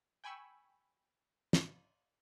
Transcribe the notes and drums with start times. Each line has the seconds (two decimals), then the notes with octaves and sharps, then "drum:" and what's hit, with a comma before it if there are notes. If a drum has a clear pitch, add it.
0.24 G5 G#5 B5 C#6 E6
1.53 drum: snare